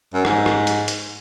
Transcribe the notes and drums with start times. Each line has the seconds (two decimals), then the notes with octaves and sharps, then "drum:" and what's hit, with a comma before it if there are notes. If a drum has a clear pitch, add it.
0.14 F#2
0.25 G#2, drum: rim click
0.46 drum: rim click
0.67 drum: hi-hat
0.88 drum: hi-hat